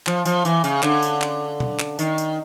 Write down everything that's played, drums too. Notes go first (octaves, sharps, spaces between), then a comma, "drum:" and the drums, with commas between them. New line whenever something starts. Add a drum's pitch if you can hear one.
F3, drum: clap
F3, drum: tambourine
E3, drum: tambourine
C#3, drum: tambourine
D3, drum: clap
drum: tambourine
drum: clap
drum: tom B2
drum: clap
D#3, drum: tambourine
drum: tambourine